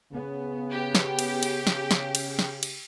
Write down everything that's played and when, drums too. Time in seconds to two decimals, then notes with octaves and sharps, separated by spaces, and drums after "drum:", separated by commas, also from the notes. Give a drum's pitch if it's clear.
0.12 C#3 B3
0.71 G4
0.95 drum: snare
1.19 drum: cymbal
1.43 drum: cymbal
1.67 drum: snare
1.91 drum: snare
2.15 drum: cymbal
2.39 drum: snare
2.63 drum: cymbal